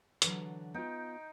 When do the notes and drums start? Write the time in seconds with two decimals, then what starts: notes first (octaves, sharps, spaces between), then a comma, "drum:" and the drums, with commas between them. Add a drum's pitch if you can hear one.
0.22 D3 E3 F#3, drum: hi-hat
0.74 B3 D#4 F4 G5